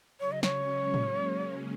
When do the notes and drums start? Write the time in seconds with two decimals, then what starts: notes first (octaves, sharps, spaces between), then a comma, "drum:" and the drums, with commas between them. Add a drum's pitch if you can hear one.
0.20 C#3 F#3 C#5
0.32 D#5
0.43 C#5, drum: snare
0.57 G#3 C#4
0.94 F#3 A#3, drum: tom A2
1.32 C#3 F#3